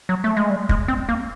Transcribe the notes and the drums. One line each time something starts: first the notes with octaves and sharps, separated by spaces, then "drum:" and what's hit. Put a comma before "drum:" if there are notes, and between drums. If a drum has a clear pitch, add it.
F#3
A3
G#3
G3
G#3, drum: kick
C4
A#3